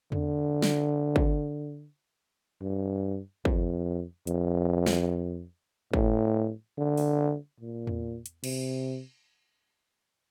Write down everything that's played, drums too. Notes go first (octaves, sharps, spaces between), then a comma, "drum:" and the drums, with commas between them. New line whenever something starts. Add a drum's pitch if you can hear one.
D3, drum: tom E2
drum: snare
drum: kick
G2
F2, drum: kick
F2, drum: hi-hat
drum: snare
A2, drum: kick
D3
drum: open hi-hat
A#2
drum: tom E2
drum: hi-hat
C3, drum: cymbal